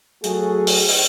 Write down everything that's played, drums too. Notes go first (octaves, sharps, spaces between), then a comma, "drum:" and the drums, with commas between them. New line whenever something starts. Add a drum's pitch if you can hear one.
F#3 A3 F#4 G#4, drum: hi-hat
drum: open hi-hat
drum: open hi-hat